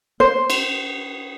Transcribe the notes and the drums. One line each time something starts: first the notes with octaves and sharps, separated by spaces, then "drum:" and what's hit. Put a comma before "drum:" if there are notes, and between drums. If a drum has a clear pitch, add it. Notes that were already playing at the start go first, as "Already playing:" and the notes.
C5
drum: cymbal